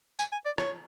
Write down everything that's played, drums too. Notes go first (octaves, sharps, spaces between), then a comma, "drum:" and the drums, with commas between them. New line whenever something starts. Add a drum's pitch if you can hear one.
G#5, drum: tambourine
G#5
D5
C#5, drum: rim click